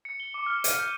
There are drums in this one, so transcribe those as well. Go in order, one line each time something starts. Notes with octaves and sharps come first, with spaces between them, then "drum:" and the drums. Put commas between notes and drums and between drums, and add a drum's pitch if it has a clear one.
C#7
G7
D6
F6
D#7, drum: hi-hat
G6